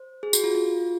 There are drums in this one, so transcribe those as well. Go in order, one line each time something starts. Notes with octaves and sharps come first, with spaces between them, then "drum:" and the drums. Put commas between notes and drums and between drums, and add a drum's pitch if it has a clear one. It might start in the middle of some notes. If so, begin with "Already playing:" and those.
Already playing: C5
G#4
F#4, drum: tambourine
F4
F4